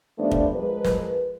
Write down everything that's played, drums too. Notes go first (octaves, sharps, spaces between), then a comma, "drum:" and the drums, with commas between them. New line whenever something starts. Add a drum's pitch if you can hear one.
E2 F3 G3 A3 B3 D4
drum: kick
F3 G#3 A#4 B4
drum: snare